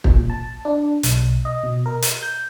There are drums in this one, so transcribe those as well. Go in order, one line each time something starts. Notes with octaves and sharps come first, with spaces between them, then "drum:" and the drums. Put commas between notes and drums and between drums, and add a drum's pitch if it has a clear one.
A#2, drum: kick
A5
D4
B1, drum: hi-hat
D#5
B2
A#4
drum: hi-hat
G6